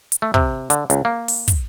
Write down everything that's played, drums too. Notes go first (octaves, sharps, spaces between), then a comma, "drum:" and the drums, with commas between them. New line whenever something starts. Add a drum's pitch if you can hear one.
drum: hi-hat
A3
C3, drum: kick
D3, drum: hi-hat
C#2, drum: hi-hat
A#3
drum: open hi-hat
drum: kick, hi-hat